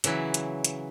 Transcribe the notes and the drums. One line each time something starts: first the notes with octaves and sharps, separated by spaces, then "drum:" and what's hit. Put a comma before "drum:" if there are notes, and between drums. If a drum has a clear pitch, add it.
C#3 E3 F#3 E4, drum: hi-hat
drum: hi-hat
drum: hi-hat